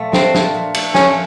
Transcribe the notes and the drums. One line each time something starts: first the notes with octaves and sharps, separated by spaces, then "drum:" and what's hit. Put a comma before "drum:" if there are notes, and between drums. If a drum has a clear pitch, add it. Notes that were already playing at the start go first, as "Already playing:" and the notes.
Already playing: A#2 F3 A3
C4 D4, drum: snare
F3, drum: snare
A#2
A3, drum: cymbal
F2 C#4, drum: snare